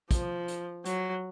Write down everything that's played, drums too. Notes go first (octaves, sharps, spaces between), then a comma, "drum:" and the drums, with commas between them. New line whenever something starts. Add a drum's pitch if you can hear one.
F3, drum: kick, hi-hat
drum: hi-hat
F#3, drum: hi-hat